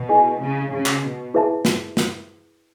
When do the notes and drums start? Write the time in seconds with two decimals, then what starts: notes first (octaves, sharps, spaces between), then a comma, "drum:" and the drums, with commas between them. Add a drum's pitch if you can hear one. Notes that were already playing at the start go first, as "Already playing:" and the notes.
Already playing: B2
0.09 E4 G#4 D#5 G#5
0.40 C#3
0.71 C#3
0.86 drum: clap
1.03 B2
1.34 E4 G#4 B4 E5 A5
1.65 drum: snare
1.97 drum: snare